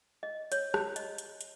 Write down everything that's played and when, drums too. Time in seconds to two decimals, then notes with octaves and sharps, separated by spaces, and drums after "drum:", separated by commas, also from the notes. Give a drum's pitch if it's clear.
0.23 D#5
0.52 C#5, drum: hi-hat
0.74 drum: rim click
0.96 D#5, drum: hi-hat
1.18 drum: hi-hat
1.41 drum: hi-hat